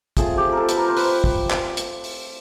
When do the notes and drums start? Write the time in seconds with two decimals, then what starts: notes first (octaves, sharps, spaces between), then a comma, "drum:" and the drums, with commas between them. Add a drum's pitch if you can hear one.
0.17 A3 C4 F4 G#4, drum: kick, hi-hat
0.37 G4
0.52 A4 A#4
0.69 B4, drum: hi-hat
0.78 A#4
0.88 C5
0.97 B4, drum: open hi-hat
1.24 drum: kick
1.51 drum: clap
1.77 drum: hi-hat
2.04 drum: open hi-hat